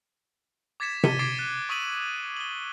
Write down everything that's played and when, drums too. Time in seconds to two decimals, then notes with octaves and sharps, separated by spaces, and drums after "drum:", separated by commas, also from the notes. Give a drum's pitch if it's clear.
0.80 D6 G#6 A6 B6 C#7 E7
1.04 B6 C#7 D#7 G7, drum: tom C3
1.19 D6 G#6 A6 C7 D7 G7
1.38 F#6 A6
1.69 C#6 D#6 E6 B6 D#7 F#7
2.37 F#7 G7